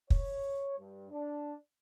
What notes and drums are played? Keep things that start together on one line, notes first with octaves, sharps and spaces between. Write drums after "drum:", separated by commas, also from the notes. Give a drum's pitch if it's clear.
C#5, drum: kick
G2
D4